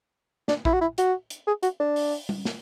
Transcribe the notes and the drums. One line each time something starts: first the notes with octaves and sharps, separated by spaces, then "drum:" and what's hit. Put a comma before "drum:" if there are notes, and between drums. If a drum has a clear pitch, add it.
D4, drum: snare
E4, drum: kick A1
F#4
E4
F#4, drum: hi-hat
drum: hi-hat
G#4
F#4, drum: hi-hat
D4
drum: open hi-hat
drum: tom G3
drum: snare